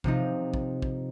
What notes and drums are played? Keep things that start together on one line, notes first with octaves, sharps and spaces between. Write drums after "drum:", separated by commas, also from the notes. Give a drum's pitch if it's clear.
C3 F3 C4 D#4, drum: kick
drum: kick
drum: kick